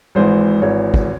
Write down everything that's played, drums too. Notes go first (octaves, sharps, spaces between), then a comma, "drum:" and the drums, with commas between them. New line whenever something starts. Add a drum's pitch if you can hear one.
G#1 G#2 E3 C5
G#1 G#2 E3 C#5
drum: kick